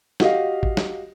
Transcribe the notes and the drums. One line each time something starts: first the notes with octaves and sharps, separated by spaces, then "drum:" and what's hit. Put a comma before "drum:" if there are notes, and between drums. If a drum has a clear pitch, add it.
F#4 G4 D#5 F5, drum: snare
drum: kick G#1
drum: snare